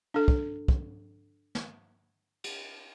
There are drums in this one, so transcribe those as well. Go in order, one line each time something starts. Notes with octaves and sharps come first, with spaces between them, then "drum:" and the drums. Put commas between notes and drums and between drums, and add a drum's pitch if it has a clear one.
D4 A4
drum: kick
drum: kick
drum: snare
drum: cymbal